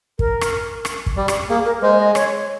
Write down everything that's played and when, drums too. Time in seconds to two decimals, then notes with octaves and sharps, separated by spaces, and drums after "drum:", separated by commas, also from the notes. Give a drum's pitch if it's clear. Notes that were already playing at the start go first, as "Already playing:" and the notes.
0.19 A#4, drum: kick
0.41 drum: rim click
0.85 drum: rim click
1.06 drum: kick
1.17 G3
1.28 drum: rim click
1.49 A#3 G#4
1.65 A#4
1.82 G#3 C5
1.98 D#5
2.15 C#5, drum: rim click